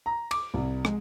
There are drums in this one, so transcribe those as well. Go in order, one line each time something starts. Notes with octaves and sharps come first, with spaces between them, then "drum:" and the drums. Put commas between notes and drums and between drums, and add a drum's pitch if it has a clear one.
A#5
D6, drum: cymbal
C2
G#3, drum: rim click